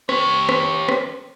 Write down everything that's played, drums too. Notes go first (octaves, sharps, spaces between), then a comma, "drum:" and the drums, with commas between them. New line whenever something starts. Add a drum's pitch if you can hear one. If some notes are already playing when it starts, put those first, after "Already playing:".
G4 C#5, drum: rim click
drum: rim click
drum: rim click